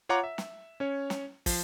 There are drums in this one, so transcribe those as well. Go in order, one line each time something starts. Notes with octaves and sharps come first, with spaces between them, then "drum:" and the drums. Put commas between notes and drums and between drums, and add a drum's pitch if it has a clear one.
F4 C#5 F#5 A#5 D6
E5
drum: snare
C#4 C#5
drum: snare
F3, drum: kick, open hi-hat